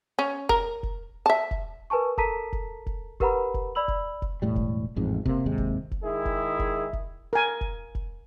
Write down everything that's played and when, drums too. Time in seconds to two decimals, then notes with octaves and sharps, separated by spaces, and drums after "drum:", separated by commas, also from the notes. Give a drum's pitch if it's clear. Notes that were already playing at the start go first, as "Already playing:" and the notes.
0.19 C#4
0.49 A#4, drum: kick F1
0.83 drum: kick F1
1.26 E5 A5
1.51 drum: kick F1
1.90 A#4 B4 G#5 A5 C#6
2.18 A4 A#4 A5 A#5 B6 D#7, drum: kick F1
2.53 drum: kick F1
2.86 drum: kick F1
3.20 G4 A#4 B4 F#5 A#5 B5, drum: kick F1
3.54 drum: kick F1
3.75 D5 B5 E6 F#7
3.88 drum: kick F1
4.22 drum: kick F1
4.42 E1 A2 G3
4.56 drum: kick F1
4.96 A1 F2 G#2
5.26 C3 A#3, drum: kick F1
5.46 G#1 D#2 C3 G#3
5.58 drum: kick F1
5.91 drum: kick F1
6.03 D#3 G#3 E4 G#4
6.25 drum: kick F1
6.59 drum: kick F1
6.93 drum: kick F1
7.33 A#4 G#5
7.61 drum: kick F1
7.95 drum: kick F1